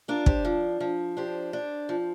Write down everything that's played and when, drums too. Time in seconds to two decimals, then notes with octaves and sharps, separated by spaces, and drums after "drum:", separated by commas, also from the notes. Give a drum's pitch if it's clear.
0.08 D4 F4 A#4
0.26 G4 C5, drum: kick
0.45 F3
0.80 F3
1.17 D4 G4 C5
1.53 D4
1.89 F3